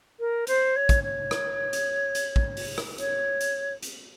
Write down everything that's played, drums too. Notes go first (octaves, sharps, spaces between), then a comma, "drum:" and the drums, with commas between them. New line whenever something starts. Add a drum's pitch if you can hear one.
A#4
C5, drum: hi-hat
C#5
drum: kick, hi-hat
C#5
drum: rim click
drum: hi-hat
drum: hi-hat
drum: kick
drum: open hi-hat
drum: rim click
C#5, drum: hi-hat
drum: hi-hat
drum: hi-hat